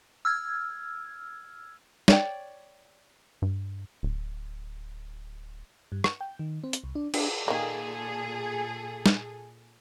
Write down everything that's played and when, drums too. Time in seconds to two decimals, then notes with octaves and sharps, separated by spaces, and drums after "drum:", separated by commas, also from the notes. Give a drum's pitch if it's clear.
0.25 E6 F6 G#6
2.08 C#5 D5 G5, drum: snare
3.42 G2
4.03 D1
5.92 G2
6.04 C#6, drum: rim click
6.21 G5
6.39 D#3
6.64 C4
6.73 drum: hi-hat
6.84 C2
6.95 D4
7.14 D4, drum: cymbal
7.48 A#2 D#3 A#3 G#4 A4
9.06 drum: snare